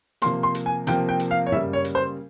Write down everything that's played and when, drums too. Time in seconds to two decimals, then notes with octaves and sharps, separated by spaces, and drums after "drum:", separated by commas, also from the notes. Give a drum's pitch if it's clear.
0.22 C3 F3 A#3 C6, drum: hi-hat
0.43 C6
0.55 drum: hi-hat
0.66 G#5
0.87 C3 F3 A#3 G5, drum: hi-hat
1.09 G5
1.20 drum: hi-hat
1.31 F5
1.46 C#5
1.52 C#3 G3 A#3 E5, drum: tom
1.73 C#5
1.85 drum: hi-hat
1.95 C5